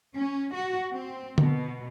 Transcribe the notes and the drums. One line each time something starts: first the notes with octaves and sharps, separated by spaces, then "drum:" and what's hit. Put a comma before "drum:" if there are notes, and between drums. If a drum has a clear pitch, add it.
C#4
F#4
C4
B2, drum: tom D3